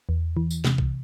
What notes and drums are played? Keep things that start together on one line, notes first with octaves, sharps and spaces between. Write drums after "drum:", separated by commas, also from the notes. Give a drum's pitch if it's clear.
E2
E3
drum: tambourine
C3, drum: snare
drum: kick